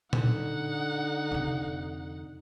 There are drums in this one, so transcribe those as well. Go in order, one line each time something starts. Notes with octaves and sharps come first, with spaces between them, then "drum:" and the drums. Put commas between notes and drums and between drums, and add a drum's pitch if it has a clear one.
D3 D#4 F#5, drum: tom A#2
F2 C3